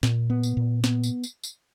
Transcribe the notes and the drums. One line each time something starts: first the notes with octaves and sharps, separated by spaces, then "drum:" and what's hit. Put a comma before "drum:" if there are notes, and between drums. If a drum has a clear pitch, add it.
A#2, drum: snare
B3
drum: tambourine
A#2
B3, drum: snare
drum: tambourine
drum: tambourine
drum: tambourine